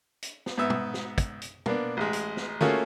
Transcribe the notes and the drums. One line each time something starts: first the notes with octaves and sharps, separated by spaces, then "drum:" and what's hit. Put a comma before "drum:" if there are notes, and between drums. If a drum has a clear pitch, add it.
drum: hi-hat
drum: snare
G#2 B3 E5
drum: tom
drum: snare
drum: kick, hi-hat
drum: hi-hat
A#3 B3 D4, drum: tom
A1 G#3
drum: hi-hat
drum: snare
A3 A#3 C#4 F4 F#4 G#4, drum: tom